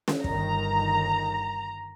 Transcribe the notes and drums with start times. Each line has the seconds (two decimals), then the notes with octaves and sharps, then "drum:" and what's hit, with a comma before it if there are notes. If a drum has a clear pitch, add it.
0.08 drum: snare
0.24 G1 D#3 A#5, drum: kick